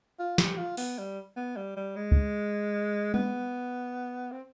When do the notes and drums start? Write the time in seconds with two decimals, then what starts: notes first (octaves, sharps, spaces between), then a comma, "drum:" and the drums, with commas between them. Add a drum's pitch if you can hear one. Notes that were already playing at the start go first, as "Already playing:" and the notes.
0.19 F4
0.38 G4, drum: snare
0.58 F4
0.77 B3, drum: open hi-hat
0.98 G3
1.36 B3
1.56 G3
1.76 G3
1.96 G#3
2.12 drum: kick C#2
3.14 B3, drum: tom G3
4.32 C4